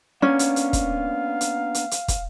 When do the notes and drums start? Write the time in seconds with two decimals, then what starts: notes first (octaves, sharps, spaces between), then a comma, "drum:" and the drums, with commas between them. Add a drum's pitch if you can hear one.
0.22 A#3 B3 C#4 D4 F5
0.39 drum: hi-hat
0.56 drum: hi-hat
0.73 drum: kick, hi-hat
1.41 drum: hi-hat
1.75 drum: hi-hat
1.91 drum: hi-hat
2.08 drum: kick, hi-hat